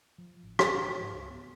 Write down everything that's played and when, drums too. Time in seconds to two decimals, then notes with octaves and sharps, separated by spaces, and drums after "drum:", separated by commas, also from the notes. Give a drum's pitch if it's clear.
0.18 F3
0.43 A1
0.59 drum: rim click
0.83 F3
1.00 G#2
1.13 C#2
1.30 B3